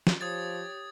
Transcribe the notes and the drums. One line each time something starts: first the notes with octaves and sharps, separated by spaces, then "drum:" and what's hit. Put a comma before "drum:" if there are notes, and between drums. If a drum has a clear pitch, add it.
drum: snare
F3 G4 C#5 D#6 G#6 A6